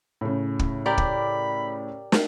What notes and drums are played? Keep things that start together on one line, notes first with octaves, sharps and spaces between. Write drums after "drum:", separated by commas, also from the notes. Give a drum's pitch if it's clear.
A2 C#3
drum: kick
G4 A#4 D5 B5
drum: kick
drum: snare